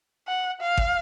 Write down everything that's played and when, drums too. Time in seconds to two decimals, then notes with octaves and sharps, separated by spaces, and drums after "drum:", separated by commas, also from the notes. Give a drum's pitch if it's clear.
0.27 F#5
0.61 F5
0.77 drum: kick G#1